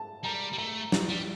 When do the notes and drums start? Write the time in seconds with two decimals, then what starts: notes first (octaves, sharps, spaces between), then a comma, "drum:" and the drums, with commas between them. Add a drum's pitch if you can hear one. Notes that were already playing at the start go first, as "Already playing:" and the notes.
Already playing: A5
0.24 G3 A#5
0.53 G3
0.58 A3 A#5
0.92 drum: snare
1.10 G3